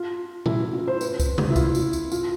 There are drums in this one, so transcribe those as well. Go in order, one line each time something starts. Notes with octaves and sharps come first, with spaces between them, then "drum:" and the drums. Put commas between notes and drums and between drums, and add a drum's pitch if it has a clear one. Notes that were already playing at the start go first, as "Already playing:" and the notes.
Already playing: F4
E4, drum: tom A#2
E4
F4
C5
B4, drum: tambourine
drum: kick C#2, tambourine
drum: tom C3
E4
F4, drum: kick C#2, tambourine
drum: tambourine
drum: tambourine
F4, drum: tambourine